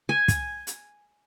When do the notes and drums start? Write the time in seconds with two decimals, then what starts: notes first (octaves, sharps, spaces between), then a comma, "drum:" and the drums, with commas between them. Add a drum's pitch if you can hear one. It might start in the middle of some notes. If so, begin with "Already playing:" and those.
0.09 G#5
0.28 drum: kick, hi-hat
0.67 drum: hi-hat